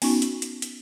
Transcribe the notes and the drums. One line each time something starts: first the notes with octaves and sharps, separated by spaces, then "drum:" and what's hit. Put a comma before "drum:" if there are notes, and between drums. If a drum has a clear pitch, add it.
B3 C#4 D#4 F#4 C#6, drum: open hi-hat
drum: hi-hat
drum: hi-hat
drum: hi-hat